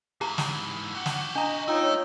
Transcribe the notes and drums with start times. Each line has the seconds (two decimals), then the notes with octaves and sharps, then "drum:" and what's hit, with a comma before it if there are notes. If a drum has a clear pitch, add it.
0.21 G#2 E3 G4 A#5
0.38 drum: snare
0.95 F#4 G4 F#5
1.06 drum: snare
1.35 D4 D#5 A#5
1.68 A3 D#4 F4 C#5 G5